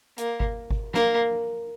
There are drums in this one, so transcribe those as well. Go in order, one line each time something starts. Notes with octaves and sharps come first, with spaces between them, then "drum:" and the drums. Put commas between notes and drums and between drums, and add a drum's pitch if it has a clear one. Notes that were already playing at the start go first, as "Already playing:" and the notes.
A#3, drum: hi-hat
drum: kick G1
drum: kick G1
A#3, drum: snare